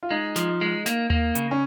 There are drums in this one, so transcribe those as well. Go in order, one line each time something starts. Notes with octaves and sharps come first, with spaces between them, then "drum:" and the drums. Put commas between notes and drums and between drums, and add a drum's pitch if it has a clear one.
F4
G#3 D#4
F3, drum: snare
G#3
A#3, drum: snare
A#3, drum: tom D#2
C#3, drum: hi-hat
C#4